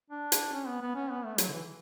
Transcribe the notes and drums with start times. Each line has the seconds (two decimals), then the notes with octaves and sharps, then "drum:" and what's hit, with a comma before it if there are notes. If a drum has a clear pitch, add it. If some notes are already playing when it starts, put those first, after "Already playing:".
0.10 D4
0.32 drum: hi-hat
0.53 C#4
0.67 B3
0.81 B3
0.95 C#4
1.11 B3
1.25 A3
1.38 F#3, drum: hi-hat
1.48 D3
1.53 E3